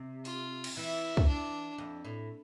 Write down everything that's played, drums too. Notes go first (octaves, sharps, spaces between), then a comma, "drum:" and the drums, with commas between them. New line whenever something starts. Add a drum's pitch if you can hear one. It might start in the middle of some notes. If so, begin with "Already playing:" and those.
Already playing: C3
F4, drum: open hi-hat
drum: cymbal
E3 E4
drum: kick
D4
F2
A2